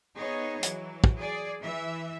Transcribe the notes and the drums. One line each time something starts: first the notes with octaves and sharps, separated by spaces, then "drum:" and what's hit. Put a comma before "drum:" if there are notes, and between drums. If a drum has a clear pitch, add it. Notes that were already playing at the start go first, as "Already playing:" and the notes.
B3 D#4 G#4 C#5 D#5
E3 F#3, drum: hi-hat
drum: kick
G#4 D5
E3 E5